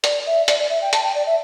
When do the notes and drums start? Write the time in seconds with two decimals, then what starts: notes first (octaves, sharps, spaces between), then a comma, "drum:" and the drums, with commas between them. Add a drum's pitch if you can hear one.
0.04 D5, drum: hi-hat
0.27 E5
0.48 D5, drum: hi-hat
0.59 D5
0.70 E5
0.82 G5
0.93 A5, drum: hi-hat
1.04 G5
1.15 D5
1.26 E5